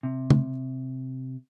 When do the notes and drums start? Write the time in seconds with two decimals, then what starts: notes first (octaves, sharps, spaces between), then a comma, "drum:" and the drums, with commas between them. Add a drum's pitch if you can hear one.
0.03 C3
0.30 drum: tom